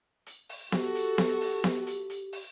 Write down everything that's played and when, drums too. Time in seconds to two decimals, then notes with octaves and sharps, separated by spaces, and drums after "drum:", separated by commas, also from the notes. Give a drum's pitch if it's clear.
0.26 drum: hi-hat
0.49 drum: open hi-hat
0.72 F#4 G4 A4, drum: snare B3
0.95 drum: hi-hat
1.18 drum: snare B3
1.41 drum: open hi-hat
1.64 drum: snare B3
1.87 drum: hi-hat
2.10 drum: hi-hat
2.33 drum: open hi-hat